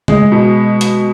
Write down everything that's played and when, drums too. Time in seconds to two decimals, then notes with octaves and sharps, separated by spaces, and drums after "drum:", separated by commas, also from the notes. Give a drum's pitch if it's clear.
0.08 G#3, drum: tom C#3
0.32 B2
0.81 drum: hi-hat